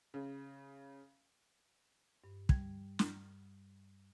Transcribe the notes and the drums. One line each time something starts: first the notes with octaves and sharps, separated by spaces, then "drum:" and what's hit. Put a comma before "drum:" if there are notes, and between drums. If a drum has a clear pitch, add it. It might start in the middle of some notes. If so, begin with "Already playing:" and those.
C#3
G2
G3 G#6, drum: kick
drum: snare